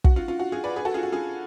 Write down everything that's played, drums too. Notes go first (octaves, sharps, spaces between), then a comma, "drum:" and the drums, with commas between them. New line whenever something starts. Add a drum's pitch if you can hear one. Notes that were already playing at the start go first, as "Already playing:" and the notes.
F#4, drum: kick
F4
F4
F#4
F4 G#4
B4 D5
G#4 B4
F#4 A4
F4 G#4
F#4
F4 G#4